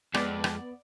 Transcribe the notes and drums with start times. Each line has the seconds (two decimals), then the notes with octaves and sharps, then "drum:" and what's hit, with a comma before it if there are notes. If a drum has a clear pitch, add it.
0.14 F2 G#3 B3 D5, drum: rim click
0.44 drum: rim click